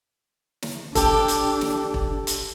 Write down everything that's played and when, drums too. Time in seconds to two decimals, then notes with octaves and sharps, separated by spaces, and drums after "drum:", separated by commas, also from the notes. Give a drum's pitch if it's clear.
0.62 drum: snare
0.95 D4 G4 A4, drum: kick E1, hi-hat
1.28 drum: hi-hat
1.61 drum: snare
1.94 drum: kick E1
2.27 drum: hi-hat